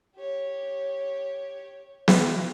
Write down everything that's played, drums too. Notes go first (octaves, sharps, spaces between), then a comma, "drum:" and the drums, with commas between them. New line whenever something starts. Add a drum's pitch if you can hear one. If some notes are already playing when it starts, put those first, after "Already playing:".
G4 C#5
drum: snare